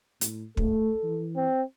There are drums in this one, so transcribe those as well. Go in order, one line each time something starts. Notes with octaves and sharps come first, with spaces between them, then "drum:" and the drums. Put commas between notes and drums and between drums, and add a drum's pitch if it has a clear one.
A2, drum: hi-hat
A3 A4, drum: kick
E3
C4